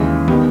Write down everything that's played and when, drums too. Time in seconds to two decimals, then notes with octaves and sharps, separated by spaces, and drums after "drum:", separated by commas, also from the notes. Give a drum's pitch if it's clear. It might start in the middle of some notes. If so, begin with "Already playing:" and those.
Already playing: D#2 C#3 E3 G#3
0.28 D#3 G3 B3, drum: tom